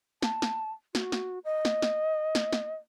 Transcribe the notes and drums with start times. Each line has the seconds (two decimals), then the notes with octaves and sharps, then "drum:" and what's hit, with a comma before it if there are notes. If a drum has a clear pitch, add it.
0.22 A5, drum: snare
0.42 drum: snare
0.95 F#4, drum: snare
1.12 drum: snare
1.45 D#5
1.65 drum: snare
1.82 drum: snare
2.35 drum: snare
2.53 drum: snare